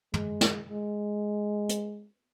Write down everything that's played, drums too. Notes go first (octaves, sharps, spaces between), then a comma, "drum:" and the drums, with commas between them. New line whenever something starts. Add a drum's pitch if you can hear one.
G#3, drum: tom
drum: snare
G#3
drum: hi-hat